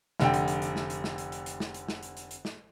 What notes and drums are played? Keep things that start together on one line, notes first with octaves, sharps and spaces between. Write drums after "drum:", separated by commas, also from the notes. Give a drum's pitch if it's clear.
F1 D3 G5, drum: snare
drum: hi-hat
drum: hi-hat
drum: hi-hat
drum: snare
drum: hi-hat
drum: snare
drum: hi-hat
drum: hi-hat
drum: hi-hat
drum: snare
drum: hi-hat
drum: snare
drum: hi-hat
drum: hi-hat
drum: hi-hat
drum: snare